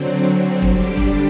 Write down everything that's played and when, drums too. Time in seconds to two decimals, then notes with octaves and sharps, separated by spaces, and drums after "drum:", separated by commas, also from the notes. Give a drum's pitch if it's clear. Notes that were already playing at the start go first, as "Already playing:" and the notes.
Already playing: D3 F#3 C4
0.62 D3 G3 D4 G4, drum: kick
0.97 drum: kick